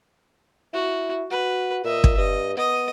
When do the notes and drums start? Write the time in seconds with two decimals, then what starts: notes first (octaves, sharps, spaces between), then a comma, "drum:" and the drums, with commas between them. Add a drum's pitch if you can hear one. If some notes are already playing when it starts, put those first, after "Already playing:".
0.73 E4 F#4
1.31 F#4 B4
1.84 A#2 D#5 E5
2.04 drum: kick
2.17 G2 D#5
2.57 B3 D#5 D#6